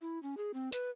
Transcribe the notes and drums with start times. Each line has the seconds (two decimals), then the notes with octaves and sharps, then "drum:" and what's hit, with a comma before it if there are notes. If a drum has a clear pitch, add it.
0.02 E4
0.23 C#4
0.37 G#4
0.54 C4
0.72 B4, drum: tambourine